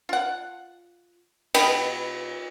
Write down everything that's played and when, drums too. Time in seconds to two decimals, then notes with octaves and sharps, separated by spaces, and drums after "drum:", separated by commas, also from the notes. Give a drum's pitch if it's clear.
0.09 F4 F#5
1.54 B2 B4 D#5 G5, drum: cymbal